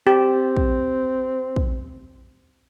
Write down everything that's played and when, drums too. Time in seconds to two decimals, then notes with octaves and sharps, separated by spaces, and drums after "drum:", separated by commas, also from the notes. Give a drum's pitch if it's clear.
0.07 C4 G4
0.57 drum: kick
1.56 drum: kick